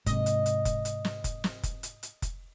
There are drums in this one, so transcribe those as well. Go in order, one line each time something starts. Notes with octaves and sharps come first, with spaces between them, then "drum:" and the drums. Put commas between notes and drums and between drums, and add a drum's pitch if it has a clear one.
G#2 C3 D#5, drum: kick F1, hi-hat
drum: hi-hat
drum: hi-hat
drum: kick F1, hi-hat
drum: hi-hat
drum: snare
drum: kick F1, hi-hat
drum: snare
drum: kick F1, hi-hat
drum: hi-hat
drum: hi-hat
drum: kick F1, hi-hat